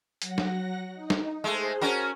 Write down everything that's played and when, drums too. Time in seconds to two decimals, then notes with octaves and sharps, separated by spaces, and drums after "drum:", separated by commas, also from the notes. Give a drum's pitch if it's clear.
0.22 F#3 F#5 A#6, drum: hi-hat
0.38 drum: snare
0.94 D#4
1.10 drum: snare
1.44 G#3 A3 G#4 C5
1.81 C#4 F#4 A#4